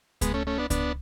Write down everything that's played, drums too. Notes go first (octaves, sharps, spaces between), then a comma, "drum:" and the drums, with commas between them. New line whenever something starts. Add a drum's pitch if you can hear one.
G#3 B3, drum: kick C#2, hi-hat
A3 C#4
A3 C#4
B3 D4
B3 D4, drum: kick C#2, hi-hat